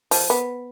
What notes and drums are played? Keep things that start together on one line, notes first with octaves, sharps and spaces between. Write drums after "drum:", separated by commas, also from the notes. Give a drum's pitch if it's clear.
F3, drum: open hi-hat
B3